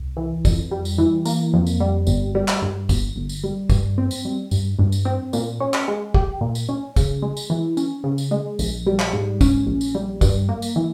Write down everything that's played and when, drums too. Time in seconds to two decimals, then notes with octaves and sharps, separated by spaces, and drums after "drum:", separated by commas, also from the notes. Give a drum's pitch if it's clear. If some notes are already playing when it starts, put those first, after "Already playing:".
Already playing: C2
0.17 E3
0.45 F2, drum: kick, tambourine
0.71 G3
0.85 drum: tambourine
0.98 E3
1.25 A#3, drum: tambourine
1.54 F2
1.67 drum: tambourine
1.80 G3
2.07 G1, drum: tambourine
2.35 G3
2.48 drum: clap
2.62 G2
2.89 G1, drum: kick, tambourine
3.16 G1
3.29 drum: tambourine
3.44 G3
3.70 G2, drum: kick, tambourine
3.98 C4
4.11 drum: tambourine
4.25 G3
4.51 G2, drum: tambourine
4.79 G2
4.92 drum: tambourine
5.05 C4
5.33 A#2, drum: tambourine
5.60 C#4
5.74 drum: clap
5.88 G#3
6.14 G4, drum: kick
6.41 A#2
6.55 drum: tambourine
6.69 C#4
6.96 C#3, drum: kick, tambourine
7.22 G#3
7.37 drum: tambourine
7.50 E3
7.77 C#4, drum: tambourine
8.04 C#3
8.18 drum: tambourine
8.31 G#3
8.59 A#1, drum: tambourine
8.86 G3
8.99 drum: clap
9.13 G#2
9.41 C#4, drum: kick, tambourine
9.67 A#1
9.81 drum: tambourine
9.95 G3
10.21 G2, drum: kick, tambourine
10.49 A#3
10.62 drum: tambourine
10.76 E3